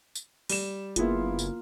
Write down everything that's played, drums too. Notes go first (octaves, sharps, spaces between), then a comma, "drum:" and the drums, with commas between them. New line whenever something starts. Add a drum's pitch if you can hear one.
drum: tambourine
G3 E7, drum: open hi-hat
F#1 G#3 A#3 B3 E4 F4, drum: hi-hat
drum: tambourine